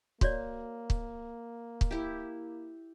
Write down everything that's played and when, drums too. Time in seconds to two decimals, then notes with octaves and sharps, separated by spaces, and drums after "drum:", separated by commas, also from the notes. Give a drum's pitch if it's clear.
0.21 A#3 F#4 C#5 D5, drum: kick
0.90 drum: kick
1.81 drum: kick
1.91 E4 G4